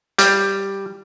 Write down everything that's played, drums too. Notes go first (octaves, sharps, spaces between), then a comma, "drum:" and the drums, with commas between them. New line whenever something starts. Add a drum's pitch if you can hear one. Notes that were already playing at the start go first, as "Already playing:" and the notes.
G3, drum: hi-hat